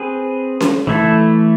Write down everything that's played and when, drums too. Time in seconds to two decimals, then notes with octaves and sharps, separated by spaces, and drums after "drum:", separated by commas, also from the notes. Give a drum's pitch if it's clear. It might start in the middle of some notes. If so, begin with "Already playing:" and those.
Already playing: C4 G#4 B4
0.60 drum: snare C#4
0.87 E3 A3 E4 A4